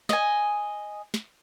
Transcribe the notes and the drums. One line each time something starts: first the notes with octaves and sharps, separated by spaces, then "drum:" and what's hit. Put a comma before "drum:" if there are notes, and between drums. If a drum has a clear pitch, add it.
D#5 G#5, drum: snare
drum: snare